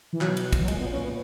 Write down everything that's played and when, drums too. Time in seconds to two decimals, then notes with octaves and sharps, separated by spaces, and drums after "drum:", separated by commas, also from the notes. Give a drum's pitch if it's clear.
0.13 E3
0.21 B2 F#3, drum: clap
0.37 drum: cymbal
0.53 drum: kick, cymbal
0.62 F#3
0.68 A#2 G#3, drum: cymbal
0.80 B3
0.93 C#4
1.04 B3